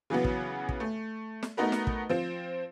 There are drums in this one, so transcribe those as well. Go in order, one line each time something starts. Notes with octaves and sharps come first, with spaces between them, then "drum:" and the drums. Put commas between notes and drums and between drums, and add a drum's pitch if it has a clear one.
C#3 E3 F#3 B3
drum: kick
drum: kick
A3
drum: snare
A3 B3 D#4 F#4 A#4 B4
drum: snare
drum: kick
F3 C4